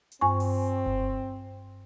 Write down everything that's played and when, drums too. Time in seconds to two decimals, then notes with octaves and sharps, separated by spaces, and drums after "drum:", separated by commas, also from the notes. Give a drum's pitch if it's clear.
0.12 drum: hi-hat
0.21 G2 C4 G#5 C#6
0.40 drum: open hi-hat
0.86 drum: kick F#1